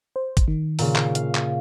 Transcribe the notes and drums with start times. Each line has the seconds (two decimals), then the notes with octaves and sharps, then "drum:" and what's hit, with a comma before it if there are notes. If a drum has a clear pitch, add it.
0.16 C5
0.37 drum: kick, hi-hat
0.48 D#3
0.79 A#2 C#3, drum: open hi-hat
0.96 drum: clap
1.15 F5, drum: hi-hat
1.35 drum: clap